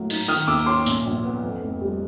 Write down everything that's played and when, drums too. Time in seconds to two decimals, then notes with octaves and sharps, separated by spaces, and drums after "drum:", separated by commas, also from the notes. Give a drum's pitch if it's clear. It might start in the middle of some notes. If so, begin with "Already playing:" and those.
Already playing: A2 F#3 A#3
0.10 D#4, drum: cymbal
0.28 D#3 D#6 F6
0.48 D#2 D6 E6
0.66 C#4 C6 D6
0.86 A#2, drum: tambourine
1.06 A#1
1.24 B3
1.43 F2
1.62 F1
1.82 G3